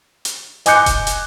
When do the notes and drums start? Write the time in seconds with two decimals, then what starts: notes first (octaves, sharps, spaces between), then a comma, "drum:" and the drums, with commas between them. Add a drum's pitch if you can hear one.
0.25 drum: hi-hat
0.66 D#5 G#5 D6 F#6 G6 C#7, drum: hi-hat
0.86 drum: kick E1, hi-hat
1.07 drum: hi-hat